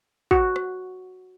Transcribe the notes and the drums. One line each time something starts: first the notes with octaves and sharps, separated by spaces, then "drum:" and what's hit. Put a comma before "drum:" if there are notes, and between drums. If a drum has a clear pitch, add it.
F#4, drum: kick
drum: rim click